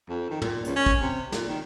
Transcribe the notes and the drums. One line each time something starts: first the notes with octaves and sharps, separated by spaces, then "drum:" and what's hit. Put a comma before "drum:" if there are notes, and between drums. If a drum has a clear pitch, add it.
F2
D#3
A#2, drum: tom
C#2, drum: hi-hat
C#4
drum: kick
C3
A#2, drum: snare
D#3